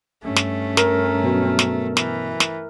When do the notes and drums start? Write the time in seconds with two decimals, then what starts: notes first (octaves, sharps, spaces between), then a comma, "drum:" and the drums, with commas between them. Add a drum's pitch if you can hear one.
0.23 G2 A3 C#4
0.36 drum: snare
0.77 A#4, drum: snare
1.23 B2 F#3 B3
1.59 drum: snare
1.97 E3, drum: snare
2.40 drum: snare